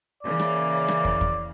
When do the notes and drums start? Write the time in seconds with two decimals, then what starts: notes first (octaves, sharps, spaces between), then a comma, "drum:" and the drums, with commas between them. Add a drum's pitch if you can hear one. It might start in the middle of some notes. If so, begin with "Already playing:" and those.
0.23 C#3 E3 A#3 D5
0.39 drum: rim click
0.88 drum: rim click
1.05 drum: kick
1.21 drum: kick